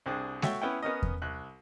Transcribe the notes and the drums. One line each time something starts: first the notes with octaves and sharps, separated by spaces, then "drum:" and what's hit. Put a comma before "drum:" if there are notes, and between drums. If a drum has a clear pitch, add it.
C2 C4 D4 G#4
F#4 A4 C#5 E5 G5, drum: snare G#3
B3 C#4 E4 F#5 G5
B3 C#4 A#4 D#5
drum: kick E2
C2 F#6